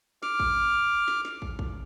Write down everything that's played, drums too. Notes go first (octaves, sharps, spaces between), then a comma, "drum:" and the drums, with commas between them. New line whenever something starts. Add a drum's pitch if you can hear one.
D6 F6, drum: snare
drum: kick
drum: snare
drum: snare
drum: kick
drum: kick